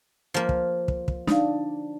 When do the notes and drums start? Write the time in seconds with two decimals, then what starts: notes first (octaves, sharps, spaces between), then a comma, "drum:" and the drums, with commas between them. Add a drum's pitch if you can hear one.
0.34 F3 A#3
0.49 drum: kick
0.88 drum: kick
1.08 drum: kick
1.27 D4 D#4 F5, drum: snare